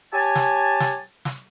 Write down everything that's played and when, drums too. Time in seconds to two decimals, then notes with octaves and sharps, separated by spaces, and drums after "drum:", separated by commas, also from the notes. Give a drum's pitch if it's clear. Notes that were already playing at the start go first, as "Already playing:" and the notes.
0.13 G4 C#5 G#5 A5
0.36 drum: snare
0.80 drum: snare
1.25 drum: snare